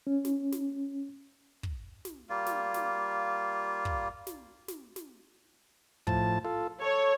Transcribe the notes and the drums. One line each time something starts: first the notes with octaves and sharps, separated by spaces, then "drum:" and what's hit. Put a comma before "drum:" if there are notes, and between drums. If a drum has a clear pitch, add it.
C#4
drum: snare
drum: snare
drum: kick
drum: snare
G3 A#3 F4
drum: snare
drum: snare
drum: kick
drum: snare
drum: snare
drum: snare
A2 F3 A5, drum: kick
F4 A4
A4 C#5